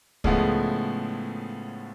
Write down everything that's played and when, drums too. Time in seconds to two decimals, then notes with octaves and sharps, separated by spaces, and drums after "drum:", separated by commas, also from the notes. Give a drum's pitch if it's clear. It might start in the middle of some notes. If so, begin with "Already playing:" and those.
0.24 A2 C#3 F3 G#3 A3 B3, drum: kick